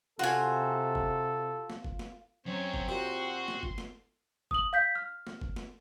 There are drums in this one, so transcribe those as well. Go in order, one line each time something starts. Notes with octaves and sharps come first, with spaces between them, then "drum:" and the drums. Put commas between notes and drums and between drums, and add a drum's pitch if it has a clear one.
C3 F4 F#4 A4 G#5
drum: kick G1
drum: snare
drum: kick G1
drum: snare
F#2 C4 C#5
drum: kick G1
A#2 F#4 G4 C6
drum: snare
drum: kick G1
drum: snare
D#6 F#7, drum: kick G1
F5 G6 B6
F6
drum: snare
drum: kick G1
drum: snare